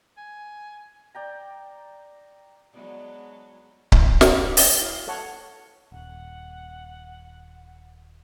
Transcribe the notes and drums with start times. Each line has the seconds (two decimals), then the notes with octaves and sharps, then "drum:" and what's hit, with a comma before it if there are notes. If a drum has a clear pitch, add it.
0.18 G#5
1.15 D5 G5 A#5
2.73 F#3 G#3 B3 D4 D#4
3.92 E4, drum: kick C#1
4.21 F5, drum: snare
4.57 drum: open hi-hat
4.81 E4 F5
5.07 A4 C#5 F#5 A5
5.92 D#1 F#5